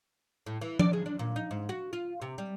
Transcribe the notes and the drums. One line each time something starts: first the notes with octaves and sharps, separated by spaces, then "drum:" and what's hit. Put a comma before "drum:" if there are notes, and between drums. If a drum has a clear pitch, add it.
A2
E3
D5, drum: tom F3
G#4
D4
A#2
D#4
G#2
F#4
F4
C3
G3